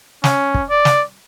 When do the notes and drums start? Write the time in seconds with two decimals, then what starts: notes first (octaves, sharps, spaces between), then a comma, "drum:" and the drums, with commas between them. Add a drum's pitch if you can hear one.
0.24 C#4, drum: snare
0.54 drum: kick
0.70 D5
0.85 drum: snare